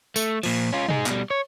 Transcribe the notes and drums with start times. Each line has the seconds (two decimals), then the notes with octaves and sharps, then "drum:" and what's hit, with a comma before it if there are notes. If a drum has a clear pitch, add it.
0.16 A3, drum: tambourine
0.43 A#2 F3, drum: cymbal
0.73 C#4 F4
0.89 D#4 G#4, drum: tom B2
1.06 B2 G3, drum: clap
1.30 C#5